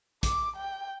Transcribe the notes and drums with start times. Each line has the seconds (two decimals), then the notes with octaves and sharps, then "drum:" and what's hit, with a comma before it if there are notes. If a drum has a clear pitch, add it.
0.23 D6, drum: kick, hi-hat
0.56 G5